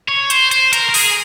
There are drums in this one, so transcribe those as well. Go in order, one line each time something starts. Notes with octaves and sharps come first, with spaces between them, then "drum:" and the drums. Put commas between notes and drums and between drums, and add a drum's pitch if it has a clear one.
C#5
C5, drum: hi-hat
C5, drum: hi-hat
A#4, drum: hi-hat
A#4
G#4, drum: open hi-hat